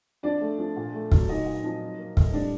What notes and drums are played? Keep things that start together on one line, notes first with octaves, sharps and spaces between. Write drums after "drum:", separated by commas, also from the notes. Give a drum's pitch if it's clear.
F3 D4 D5
A3
F3
A#2
A3
F#3, drum: kick
A#2 D#4 D#5
A#2
F3
F#3
A#3
A2, drum: kick
G3 D4 D5